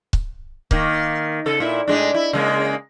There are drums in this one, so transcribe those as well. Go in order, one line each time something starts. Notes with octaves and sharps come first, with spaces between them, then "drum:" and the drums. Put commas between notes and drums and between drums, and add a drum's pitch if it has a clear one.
drum: kick C#1
D#3 A#3, drum: kick C#1
C#3 A4
A#2 E4 E5
A2 G#3 D4
E4
C#3 G#3 A#3